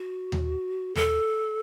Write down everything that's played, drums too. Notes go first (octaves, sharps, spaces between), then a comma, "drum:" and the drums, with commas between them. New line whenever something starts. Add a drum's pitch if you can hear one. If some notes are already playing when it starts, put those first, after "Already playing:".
Already playing: F#4
drum: tom D#2
A4, drum: tom D#2